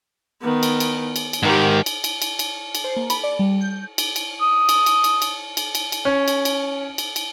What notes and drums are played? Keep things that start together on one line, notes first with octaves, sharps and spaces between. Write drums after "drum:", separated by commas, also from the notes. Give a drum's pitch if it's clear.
D#3 B3
drum: cymbal
drum: cymbal
drum: cymbal
drum: cymbal
G#2 D#3 G4 A#4
drum: cymbal
drum: cymbal
drum: cymbal
drum: cymbal
drum: cymbal
C5
A#3
B5, drum: cymbal
D5
G3
G6
drum: cymbal
drum: cymbal
D#6
drum: cymbal
drum: cymbal
drum: cymbal
drum: cymbal
drum: cymbal
drum: cymbal
drum: cymbal
C#4
drum: cymbal
drum: cymbal
drum: cymbal
drum: cymbal